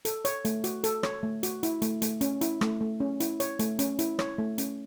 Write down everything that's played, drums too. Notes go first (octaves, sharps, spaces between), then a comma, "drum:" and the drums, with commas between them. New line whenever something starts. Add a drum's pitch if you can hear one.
A4, drum: hi-hat
C#5, drum: hi-hat
A3, drum: hi-hat
F#4, drum: hi-hat
A4, drum: hi-hat
C#5, drum: rim click
A3
F#4, drum: hi-hat
E4, drum: hi-hat
A3, drum: hi-hat
A3, drum: hi-hat
C#4, drum: hi-hat
E4, drum: hi-hat
A3, drum: rim click
A3
C#4
E4, drum: hi-hat
C#5, drum: hi-hat
A3, drum: hi-hat
C#4, drum: hi-hat
E4, drum: hi-hat
C#5, drum: rim click
A3
C#4, drum: hi-hat